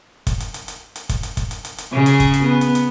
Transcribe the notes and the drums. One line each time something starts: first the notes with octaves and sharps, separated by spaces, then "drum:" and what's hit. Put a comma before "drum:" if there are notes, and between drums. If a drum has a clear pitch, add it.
drum: kick, hi-hat
drum: hi-hat
drum: hi-hat
drum: hi-hat
drum: hi-hat
drum: kick, hi-hat
drum: hi-hat
drum: kick, hi-hat
drum: hi-hat
drum: hi-hat
drum: hi-hat
C#3 G#4
drum: hi-hat
drum: kick, hi-hat
drum: hi-hat
B3
drum: hi-hat
drum: hi-hat